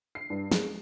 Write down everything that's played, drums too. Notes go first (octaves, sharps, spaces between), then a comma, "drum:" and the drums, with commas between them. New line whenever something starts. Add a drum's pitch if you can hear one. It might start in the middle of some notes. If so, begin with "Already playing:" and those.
C7
G2
G#3, drum: snare